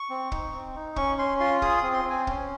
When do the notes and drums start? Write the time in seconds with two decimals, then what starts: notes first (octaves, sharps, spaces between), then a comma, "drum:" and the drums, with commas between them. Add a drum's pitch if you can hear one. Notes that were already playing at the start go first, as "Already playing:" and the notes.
Already playing: C#6
0.10 C4
0.32 D#4, drum: kick
0.53 C4
0.75 D#4
0.96 C#4 C#6, drum: kick
1.18 C#4 C6
1.40 F4 C6
1.62 G#4 D#6, drum: kick
1.77 D#6
1.83 C4
1.94 C6
2.05 C4
2.10 G#5
2.27 C#4, drum: kick